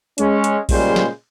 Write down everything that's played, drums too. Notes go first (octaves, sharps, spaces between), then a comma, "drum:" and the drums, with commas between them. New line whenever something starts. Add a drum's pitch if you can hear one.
G#3 C#4, drum: hi-hat
drum: hi-hat
A#2 C#3 G3 G#3 C5, drum: kick A#1, open hi-hat
drum: snare